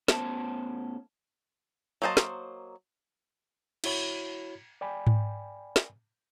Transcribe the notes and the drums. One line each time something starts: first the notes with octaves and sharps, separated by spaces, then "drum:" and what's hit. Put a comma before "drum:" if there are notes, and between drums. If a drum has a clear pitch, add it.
A2 B3 C#4 C5 G5 A5, drum: snare
F#3 A#3 C5 D#5 A5
drum: snare
E4 F#4 C#5 B5, drum: cymbal
D5 G5 G#5 B5
drum: tom G#2
drum: snare